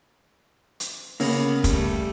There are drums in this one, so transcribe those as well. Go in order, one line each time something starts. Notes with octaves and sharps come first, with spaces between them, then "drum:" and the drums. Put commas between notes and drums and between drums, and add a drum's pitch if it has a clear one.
drum: hi-hat
C#3 A#3 B3, drum: open hi-hat
G3 A3, drum: kick, hi-hat